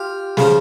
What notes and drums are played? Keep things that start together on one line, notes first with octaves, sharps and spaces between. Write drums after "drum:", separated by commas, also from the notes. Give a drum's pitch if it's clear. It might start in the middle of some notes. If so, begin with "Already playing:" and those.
Already playing: F4 G4
C#3 F3, drum: snare